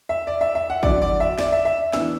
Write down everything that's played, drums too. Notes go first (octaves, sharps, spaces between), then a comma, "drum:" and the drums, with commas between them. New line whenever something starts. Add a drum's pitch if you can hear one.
E5
D5
E5
E5
F#5
E2 D3 F#3 D5, drum: kick
D5
E5
D5, drum: snare
E5
E5
A2 E3 B3 D4 E6, drum: snare